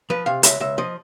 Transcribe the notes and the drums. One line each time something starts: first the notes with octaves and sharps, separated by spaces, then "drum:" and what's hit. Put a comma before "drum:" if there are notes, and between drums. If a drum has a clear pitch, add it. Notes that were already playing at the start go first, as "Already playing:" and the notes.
F3 B4
C3 F5
C#2 E5, drum: hi-hat
C#2 E5
F3 D#5